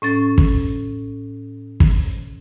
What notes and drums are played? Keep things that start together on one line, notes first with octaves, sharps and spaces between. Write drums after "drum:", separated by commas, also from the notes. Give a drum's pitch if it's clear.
A2 C#4 A6
drum: kick
drum: kick